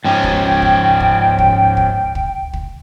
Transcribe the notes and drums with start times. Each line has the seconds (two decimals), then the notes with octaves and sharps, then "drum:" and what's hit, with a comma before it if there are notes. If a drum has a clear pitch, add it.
0.05 G#2 F3 C#4 G5
0.24 drum: kick
0.62 drum: kick
1.00 drum: kick
1.39 drum: kick
1.77 drum: kick
2.15 drum: kick
2.53 drum: kick